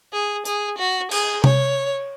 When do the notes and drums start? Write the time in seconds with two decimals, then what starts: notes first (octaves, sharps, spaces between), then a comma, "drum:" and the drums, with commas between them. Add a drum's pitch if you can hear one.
0.13 G#4
0.45 G#4, drum: hi-hat
0.78 F#4
1.11 G#4, drum: cymbal
1.44 C#5, drum: tom C3